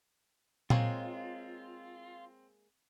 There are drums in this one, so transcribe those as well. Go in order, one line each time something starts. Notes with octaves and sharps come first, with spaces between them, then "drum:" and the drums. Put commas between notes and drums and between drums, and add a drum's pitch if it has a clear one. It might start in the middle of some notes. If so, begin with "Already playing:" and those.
G#3 A#3 C4 F4 C#5, drum: tom A#2